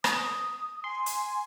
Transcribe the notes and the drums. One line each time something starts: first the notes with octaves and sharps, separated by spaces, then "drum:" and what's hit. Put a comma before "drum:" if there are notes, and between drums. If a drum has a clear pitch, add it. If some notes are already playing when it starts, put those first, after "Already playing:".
D#6, drum: rim click
G#5 C6
drum: hi-hat